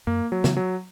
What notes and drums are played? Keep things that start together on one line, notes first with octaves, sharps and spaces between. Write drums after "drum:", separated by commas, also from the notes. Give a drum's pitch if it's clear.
F#2 A#3
F#3
C#3 E3 B3, drum: snare
F#3